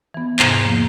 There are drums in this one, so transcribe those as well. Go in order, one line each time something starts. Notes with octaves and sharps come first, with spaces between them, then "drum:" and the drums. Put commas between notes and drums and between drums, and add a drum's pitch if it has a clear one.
E3 B3
E2 G#2 C3 A#5 G6 G#6, drum: clap
F3 A#3